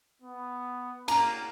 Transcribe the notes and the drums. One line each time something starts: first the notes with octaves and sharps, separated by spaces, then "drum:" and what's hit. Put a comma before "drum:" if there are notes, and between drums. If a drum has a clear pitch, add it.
B3
A#3 A#5, drum: cymbal